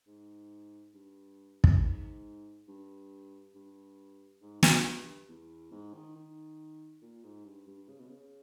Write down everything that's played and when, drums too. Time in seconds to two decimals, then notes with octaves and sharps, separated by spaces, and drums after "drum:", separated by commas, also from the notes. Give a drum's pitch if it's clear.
0.07 G#2
0.94 G2
1.64 drum: kick
1.81 G#2
2.68 G2
3.55 G2
4.42 G#2
4.63 G2, drum: snare
5.29 E2
5.72 G#2
5.94 D#3
6.16 D#3
7.02 A#2
7.24 G#2
7.45 G2
7.67 G2
7.89 C#3
8.00 B2
8.09 C#3